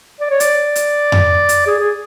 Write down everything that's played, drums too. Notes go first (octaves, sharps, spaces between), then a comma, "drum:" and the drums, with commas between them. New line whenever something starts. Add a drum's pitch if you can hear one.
D5
C#5
D5, drum: hi-hat
drum: hi-hat
drum: tom F2
drum: hi-hat
G#4
G#4